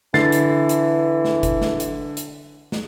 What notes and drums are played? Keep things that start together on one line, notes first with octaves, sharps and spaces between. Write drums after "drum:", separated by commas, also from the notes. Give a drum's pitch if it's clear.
D3 E3 A6 C7, drum: snare
drum: hi-hat
drum: hi-hat
drum: snare
drum: kick G1, hi-hat
drum: snare
drum: hi-hat
drum: hi-hat
drum: snare